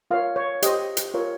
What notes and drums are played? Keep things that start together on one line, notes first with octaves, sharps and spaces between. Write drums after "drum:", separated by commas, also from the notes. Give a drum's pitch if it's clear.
F4 A#4 C#5 F5
C#5
G4 C5 D#5, drum: hi-hat
drum: hi-hat
F4 A#4 C#5